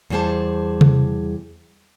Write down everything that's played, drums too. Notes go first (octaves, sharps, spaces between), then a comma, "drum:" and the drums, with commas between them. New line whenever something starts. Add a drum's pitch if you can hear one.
E2 G3 F#4 G#4 C5 A5
drum: tom C3